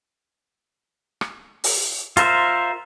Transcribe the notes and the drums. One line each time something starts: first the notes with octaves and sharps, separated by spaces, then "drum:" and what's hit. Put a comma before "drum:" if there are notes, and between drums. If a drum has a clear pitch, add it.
drum: rim click
drum: open hi-hat
F4 A#4 C5 E5, drum: hi-hat